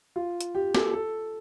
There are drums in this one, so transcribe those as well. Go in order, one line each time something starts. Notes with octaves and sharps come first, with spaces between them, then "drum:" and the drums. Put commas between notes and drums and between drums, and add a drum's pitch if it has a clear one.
F4
drum: hi-hat
G4
A4, drum: snare
A4